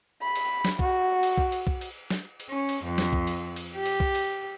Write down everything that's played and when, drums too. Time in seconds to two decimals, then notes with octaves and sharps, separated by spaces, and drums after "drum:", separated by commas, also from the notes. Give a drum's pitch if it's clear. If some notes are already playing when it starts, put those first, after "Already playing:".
0.22 B5
0.35 drum: cymbal
0.65 drum: snare
0.79 F#4, drum: kick B1
1.23 drum: cymbal
1.38 drum: kick B1
1.52 drum: cymbal
1.67 drum: kick B1
1.81 drum: cymbal
2.10 drum: snare
2.40 drum: cymbal
2.49 C#4
2.69 drum: cymbal
2.84 F2
2.98 drum: snare
3.13 drum: kick B1
3.27 drum: cymbal
3.56 drum: cymbal
3.76 G4
3.86 drum: cymbal
4.00 drum: kick B1
4.15 drum: cymbal